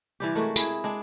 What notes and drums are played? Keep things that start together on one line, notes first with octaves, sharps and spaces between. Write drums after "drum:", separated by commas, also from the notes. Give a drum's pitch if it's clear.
C3 E3 G3 G4
G#3 A3 F#4 A#4
E4 G#4, drum: tambourine
G#3 D4